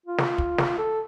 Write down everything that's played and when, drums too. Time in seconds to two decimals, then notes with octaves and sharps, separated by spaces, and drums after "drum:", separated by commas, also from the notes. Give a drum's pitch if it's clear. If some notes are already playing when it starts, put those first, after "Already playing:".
0.06 F4
0.18 drum: snare
0.38 drum: kick
0.58 drum: snare
0.78 A4